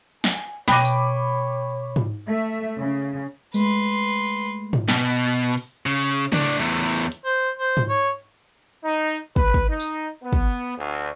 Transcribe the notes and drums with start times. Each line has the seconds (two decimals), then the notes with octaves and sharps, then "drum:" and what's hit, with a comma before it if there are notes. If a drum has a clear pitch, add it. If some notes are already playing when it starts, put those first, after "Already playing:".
0.24 G#5, drum: snare
0.68 B2 C#5 G5 B5 D6 F#6 A#6 D#7, drum: snare
0.85 drum: tambourine
1.96 drum: tom G#2
2.27 A3 E5
2.78 C#3
3.54 G#3 A3 B4 C6, drum: tambourine
4.73 drum: tom G#2
4.88 B2, drum: snare
5.57 drum: open hi-hat
5.86 C#3
6.32 A2 D4, drum: tom C#3
6.59 E2 A2
7.12 drum: hi-hat
7.25 C5
7.60 C5
7.77 drum: tom G#2
7.89 C#5
8.84 D#4
9.36 B4, drum: kick
9.54 drum: kick
9.70 D#4
9.80 drum: tambourine
10.23 B3
10.33 drum: kick
10.77 D2